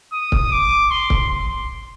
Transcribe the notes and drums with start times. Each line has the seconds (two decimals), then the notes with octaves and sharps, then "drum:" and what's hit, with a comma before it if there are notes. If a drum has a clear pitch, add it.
0.13 D#6
0.32 drum: kick C#1
0.52 D6
0.91 C6
1.10 drum: kick C#1
1.30 C6